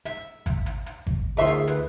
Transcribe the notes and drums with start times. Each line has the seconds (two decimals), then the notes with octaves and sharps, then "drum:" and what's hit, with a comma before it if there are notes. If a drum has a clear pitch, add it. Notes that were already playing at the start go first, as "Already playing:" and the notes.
0.05 E5, drum: hi-hat
0.46 drum: kick G#1, hi-hat
0.66 drum: hi-hat
0.86 drum: hi-hat
1.07 drum: kick G#1
1.37 D2 D#3 F4 G#4 E5 C6
1.47 drum: hi-hat
1.67 B4, drum: hi-hat